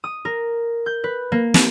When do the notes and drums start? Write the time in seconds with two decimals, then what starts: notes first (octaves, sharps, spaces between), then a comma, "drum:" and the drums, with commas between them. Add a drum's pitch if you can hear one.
0.04 D#6
0.25 A#4
0.86 G6
1.04 B4
1.32 A#3
1.54 drum: snare